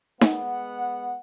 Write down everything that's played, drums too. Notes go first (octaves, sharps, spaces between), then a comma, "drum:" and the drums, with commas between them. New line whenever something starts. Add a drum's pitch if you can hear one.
G#3 B3 F#5, drum: snare D#4